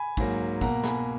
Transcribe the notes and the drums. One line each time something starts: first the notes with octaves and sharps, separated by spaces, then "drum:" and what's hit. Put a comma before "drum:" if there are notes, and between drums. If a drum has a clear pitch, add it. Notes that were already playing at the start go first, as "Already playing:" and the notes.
Already playing: G#5 B5
G#2 F#3 A#3, drum: kick, tambourine
B2 A#3 F#5 A#5, drum: kick, tambourine
G#5 B5, drum: snare